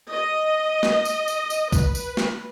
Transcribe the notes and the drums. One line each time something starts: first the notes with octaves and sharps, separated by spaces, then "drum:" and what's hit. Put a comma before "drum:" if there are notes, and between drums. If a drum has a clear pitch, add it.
D#5
drum: snare
drum: tambourine
drum: tambourine
drum: tambourine
B4, drum: kick C2, tambourine
drum: tambourine
drum: snare